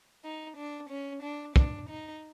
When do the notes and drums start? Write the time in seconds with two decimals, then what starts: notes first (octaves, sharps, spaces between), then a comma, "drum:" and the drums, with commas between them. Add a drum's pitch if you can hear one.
0.24 D#4
0.57 D4
0.89 C#4
1.22 D4
1.56 D4, drum: kick
1.89 D#4